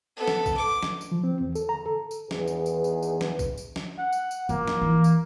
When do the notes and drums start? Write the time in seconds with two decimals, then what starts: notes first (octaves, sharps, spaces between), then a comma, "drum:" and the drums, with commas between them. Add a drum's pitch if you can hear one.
0.17 B3 A4
0.28 drum: snare
0.46 drum: kick A#1, tambourine
0.57 D6
0.83 drum: snare
1.01 drum: tambourine
1.12 F3
1.24 C4
1.41 E2
1.55 A4, drum: tambourine
1.69 A#5
1.86 A4
2.11 drum: tambourine
2.31 E2 D#3 G#4 B4, drum: snare
2.48 drum: tambourine
2.66 drum: tambourine
2.84 drum: tambourine
3.03 drum: tambourine
3.21 drum: snare
3.39 drum: kick A#1, tambourine
3.58 drum: tambourine
3.76 drum: snare
3.98 F#5
4.13 drum: tambourine
4.31 drum: tambourine
4.49 F2 A#3, drum: tambourine
4.68 drum: snare
4.82 E3
5.04 drum: tambourine